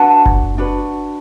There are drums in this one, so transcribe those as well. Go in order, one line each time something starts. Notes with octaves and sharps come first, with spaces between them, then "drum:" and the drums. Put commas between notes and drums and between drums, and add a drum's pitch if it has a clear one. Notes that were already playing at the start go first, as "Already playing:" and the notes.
Already playing: D4 F#4 B4 F#5 A5
drum: kick F#1
D4 F#4 B4